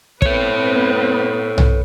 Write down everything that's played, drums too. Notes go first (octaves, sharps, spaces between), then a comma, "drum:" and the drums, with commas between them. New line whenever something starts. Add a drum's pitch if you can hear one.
B3 C4 A4 B4 C#5, drum: kick
drum: tom